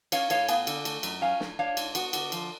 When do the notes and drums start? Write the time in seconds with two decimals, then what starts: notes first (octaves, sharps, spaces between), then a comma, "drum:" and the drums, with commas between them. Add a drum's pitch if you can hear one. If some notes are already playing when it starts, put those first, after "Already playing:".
0.12 C#4 C#5 F5, drum: cymbal
0.30 A2 C#5 F5, drum: cymbal
0.48 B3 F5 G#5, drum: cymbal
0.67 D3, drum: cymbal
0.85 A3, drum: cymbal
1.03 F#2, drum: cymbal
1.21 C#4 F5 G#5
1.40 A2, drum: snare
1.59 D4 C#5 F5
1.77 G#2, drum: cymbal
1.95 B3 F#4, drum: cymbal
2.13 D3 F#4, drum: cymbal
2.32 F3, drum: cymbal